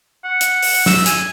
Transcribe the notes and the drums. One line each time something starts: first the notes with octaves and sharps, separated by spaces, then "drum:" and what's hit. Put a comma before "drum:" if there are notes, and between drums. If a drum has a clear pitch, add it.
F#5
drum: hi-hat
drum: open hi-hat
E6, drum: snare
G#5, drum: hi-hat